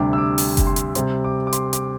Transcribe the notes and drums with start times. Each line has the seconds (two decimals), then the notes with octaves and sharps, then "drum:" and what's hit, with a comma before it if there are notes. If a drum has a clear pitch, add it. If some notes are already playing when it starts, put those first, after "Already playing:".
Already playing: D2 C3 G3 D4 D6
0.13 E6
0.18 D6
0.38 drum: open hi-hat
0.57 drum: kick F#1, hi-hat
0.67 C6
0.76 drum: hi-hat
0.95 C3 G3 C4 C6, drum: hi-hat
1.24 D6
1.47 D6
1.53 C6, drum: hi-hat
1.73 D6, drum: hi-hat